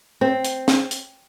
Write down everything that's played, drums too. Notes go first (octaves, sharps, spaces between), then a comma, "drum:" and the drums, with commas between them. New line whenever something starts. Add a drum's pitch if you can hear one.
C4
drum: hi-hat
drum: snare
drum: hi-hat